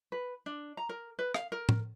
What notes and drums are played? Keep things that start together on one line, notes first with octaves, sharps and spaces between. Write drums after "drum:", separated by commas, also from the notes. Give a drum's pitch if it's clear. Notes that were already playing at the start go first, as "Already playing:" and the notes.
B4
D4
A#5
A#4
B4
F5, drum: rim click
A#4
drum: tom